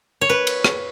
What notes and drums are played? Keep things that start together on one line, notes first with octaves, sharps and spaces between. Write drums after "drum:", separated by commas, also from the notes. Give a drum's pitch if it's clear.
C#5
B4
drum: cymbal
drum: rim click